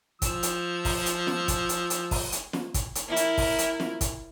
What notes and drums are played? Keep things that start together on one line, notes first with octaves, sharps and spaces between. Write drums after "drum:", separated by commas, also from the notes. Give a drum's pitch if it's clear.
F3 E6, drum: kick, hi-hat
drum: hi-hat
drum: kick, open hi-hat
drum: hi-hat
drum: snare
drum: kick, hi-hat
drum: hi-hat
drum: hi-hat
drum: kick, open hi-hat
drum: hi-hat
drum: snare
drum: kick, hi-hat
drum: hi-hat
E4 A#4
drum: hi-hat
drum: kick, open hi-hat
drum: hi-hat
drum: snare
drum: kick, hi-hat